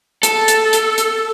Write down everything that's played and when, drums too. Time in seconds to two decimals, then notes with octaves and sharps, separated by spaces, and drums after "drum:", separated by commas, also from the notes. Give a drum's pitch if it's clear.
0.23 A4, drum: hi-hat
0.48 drum: hi-hat
0.73 drum: hi-hat
0.98 drum: hi-hat